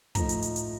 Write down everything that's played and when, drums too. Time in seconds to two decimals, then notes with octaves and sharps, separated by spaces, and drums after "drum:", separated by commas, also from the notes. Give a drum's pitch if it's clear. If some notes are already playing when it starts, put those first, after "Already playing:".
0.15 A2 F3 A3 D#4 A#5, drum: kick, hi-hat
0.29 drum: hi-hat
0.42 drum: hi-hat
0.56 drum: hi-hat